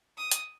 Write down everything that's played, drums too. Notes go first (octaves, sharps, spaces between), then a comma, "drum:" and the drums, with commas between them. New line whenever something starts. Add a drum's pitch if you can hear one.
D#6
drum: hi-hat